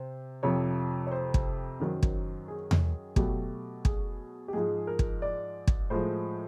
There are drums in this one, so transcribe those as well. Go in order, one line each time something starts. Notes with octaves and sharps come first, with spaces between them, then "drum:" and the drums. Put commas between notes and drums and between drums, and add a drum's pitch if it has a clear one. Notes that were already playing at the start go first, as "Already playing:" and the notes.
Already playing: C3 C5
F2 C3 F3 C#5
C#5
C5
drum: kick
F#2 D#3 F#3
drum: kick
G#4
drum: tom E2
B2 F#3 A3 G4, drum: kick
G#4, drum: kick
G4
G#2 F3 G#3 G#4
A#4
drum: kick
D5
drum: kick
A2 F3 G#3 C5